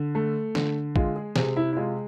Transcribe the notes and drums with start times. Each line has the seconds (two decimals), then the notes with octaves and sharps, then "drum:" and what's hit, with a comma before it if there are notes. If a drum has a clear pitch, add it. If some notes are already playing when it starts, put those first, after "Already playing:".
Already playing: D3
0.15 A3
0.55 D3, drum: snare
0.96 G#3 F4, drum: kick
1.16 G#4
1.36 C3 G#4, drum: snare
1.57 E4
1.73 E4
1.77 G#3 F4